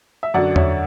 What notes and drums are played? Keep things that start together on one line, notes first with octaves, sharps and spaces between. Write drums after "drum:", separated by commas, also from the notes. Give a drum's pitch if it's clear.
E5
F#2 D3 F#3 D5 F#5
C#5 E5, drum: tom E2